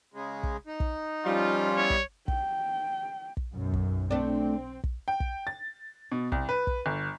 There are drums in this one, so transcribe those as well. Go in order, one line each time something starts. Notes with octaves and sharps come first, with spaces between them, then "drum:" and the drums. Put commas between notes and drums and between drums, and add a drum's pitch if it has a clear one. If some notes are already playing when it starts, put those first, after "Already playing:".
C#3 G#3
drum: kick
D#4
drum: kick
F3 G3 C#4 F4
B3 E4 C#5
drum: kick
G5, drum: kick
drum: kick
B1 F#2
drum: kick
A3 C4 D4
drum: kick
G5
drum: kick
A6
B2
C2, drum: kick
B4
drum: kick
G1